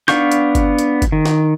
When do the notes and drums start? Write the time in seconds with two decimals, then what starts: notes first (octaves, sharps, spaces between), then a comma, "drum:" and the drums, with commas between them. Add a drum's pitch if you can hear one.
0.08 B3 D4 F5 C#6 G6, drum: snare
0.32 drum: hi-hat
0.55 drum: kick G1, hi-hat
0.79 drum: hi-hat
1.02 drum: kick G1, hi-hat
1.12 D#3
1.26 drum: snare